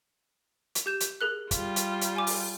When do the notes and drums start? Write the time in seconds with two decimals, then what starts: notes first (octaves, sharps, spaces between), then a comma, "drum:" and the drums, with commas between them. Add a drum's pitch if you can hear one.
0.75 drum: hi-hat
0.86 G4 G6 E7
1.01 drum: hi-hat
1.21 G#4 A#4 F#6
1.51 G3 F4, drum: kick, hi-hat
1.76 drum: hi-hat
2.02 drum: hi-hat
2.16 G#5 D6
2.27 drum: open hi-hat